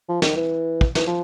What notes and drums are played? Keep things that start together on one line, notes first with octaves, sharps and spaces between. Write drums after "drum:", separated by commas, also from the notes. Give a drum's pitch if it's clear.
F3
D#3, drum: snare
E3
drum: kick
E3, drum: snare
F3